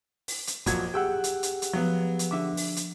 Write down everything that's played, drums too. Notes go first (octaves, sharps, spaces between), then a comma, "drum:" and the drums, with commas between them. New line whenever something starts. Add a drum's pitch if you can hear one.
drum: open hi-hat
drum: hi-hat
F2 A#2 F#3 F#4 G#6, drum: kick, hi-hat
G4 G#4 F#5 G5 E6 F#6
drum: hi-hat
drum: hi-hat
drum: hi-hat
F3 F#3 B3
drum: hi-hat
D3 E5 D6
drum: open hi-hat
drum: hi-hat